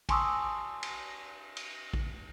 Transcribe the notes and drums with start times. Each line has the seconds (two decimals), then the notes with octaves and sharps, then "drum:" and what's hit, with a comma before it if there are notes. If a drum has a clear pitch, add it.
0.09 G#5 A5 C6 C#6 D#6 E6, drum: kick A1, cymbal
0.83 drum: cymbal
1.57 drum: cymbal
1.93 drum: kick A1